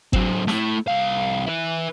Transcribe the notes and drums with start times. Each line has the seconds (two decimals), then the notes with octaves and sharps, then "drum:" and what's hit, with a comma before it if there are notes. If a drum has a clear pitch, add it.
0.13 F#3 C4, drum: kick G1
0.48 A3 E4, drum: snare
0.88 C2 F5
1.46 E4 B4